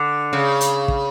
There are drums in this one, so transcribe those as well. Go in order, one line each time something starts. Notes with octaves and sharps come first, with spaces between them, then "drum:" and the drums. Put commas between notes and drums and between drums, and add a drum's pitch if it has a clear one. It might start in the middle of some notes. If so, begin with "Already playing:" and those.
Already playing: D3
C#3
drum: hi-hat
drum: kick